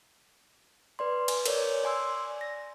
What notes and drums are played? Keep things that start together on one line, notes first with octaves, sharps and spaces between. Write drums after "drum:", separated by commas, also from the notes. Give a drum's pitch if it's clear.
B4 D5 C6
G#5, drum: cymbal
A#4 C#5 D5, drum: cymbal
D5 G#5 C6 E6
A#6